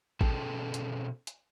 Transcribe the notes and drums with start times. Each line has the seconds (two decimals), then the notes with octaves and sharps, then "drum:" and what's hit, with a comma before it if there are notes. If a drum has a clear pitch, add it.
0.21 B2 C#4 G#4 A4 G5 A5, drum: kick A1
0.74 drum: hi-hat
1.27 drum: hi-hat